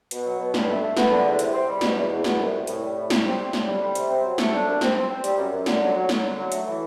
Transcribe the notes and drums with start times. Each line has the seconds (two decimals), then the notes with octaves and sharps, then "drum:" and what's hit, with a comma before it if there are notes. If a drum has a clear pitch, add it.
0.11 B2, drum: hi-hat
0.25 F#3
0.39 B2
0.54 G2, drum: snare
0.68 A3
0.82 A3
0.97 B3, drum: snare
1.10 D3
1.25 E2
1.39 C3, drum: hi-hat
1.53 C4
1.68 G3
1.81 B2, drum: snare
1.96 E2
2.10 E2
2.24 B2, drum: snare
2.39 C2
2.53 C2
2.67 A2, drum: hi-hat
2.82 G3
2.96 A2
3.10 G3, drum: snare
3.25 C4
3.38 A2
3.53 D3, drum: snare
3.67 G3
3.81 G3
3.95 C3, drum: hi-hat
4.10 C4
4.24 F#3
4.38 A3, drum: snare
4.53 D4
4.67 C2
4.81 C4, drum: snare
4.96 C4
5.10 C4
5.24 G3, drum: hi-hat
5.38 F#2
5.52 F#2
5.66 D3, drum: snare
5.81 F#3
5.95 F#3
6.09 F#3, drum: snare
6.24 D3
6.38 F#3
6.52 A3, drum: hi-hat
6.66 E3